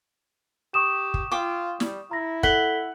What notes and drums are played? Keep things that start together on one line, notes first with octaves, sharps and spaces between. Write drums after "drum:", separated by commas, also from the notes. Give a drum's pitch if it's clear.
G4 C#6 D#6 E7
drum: kick
F4 G5 D6
G3, drum: snare
E4 A#5 A#6
A4 F#5 B6 G7, drum: kick